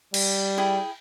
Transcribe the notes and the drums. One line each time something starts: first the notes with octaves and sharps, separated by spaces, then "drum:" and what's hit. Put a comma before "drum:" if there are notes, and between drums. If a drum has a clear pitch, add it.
G3, drum: cymbal
E4 G#4 G5